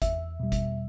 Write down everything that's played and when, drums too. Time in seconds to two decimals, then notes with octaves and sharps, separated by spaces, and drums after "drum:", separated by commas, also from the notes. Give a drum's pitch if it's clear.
0.02 E2 E5, drum: kick G1, hi-hat
0.40 B2 G3
0.52 drum: kick G1, hi-hat